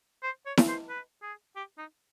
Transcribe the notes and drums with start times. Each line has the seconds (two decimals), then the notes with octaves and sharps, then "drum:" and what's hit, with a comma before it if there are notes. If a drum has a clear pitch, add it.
0.23 C5
0.46 C#5
0.57 drum: snare E4
0.68 C5
0.89 B4
1.22 G#4
1.56 G4
1.78 D#4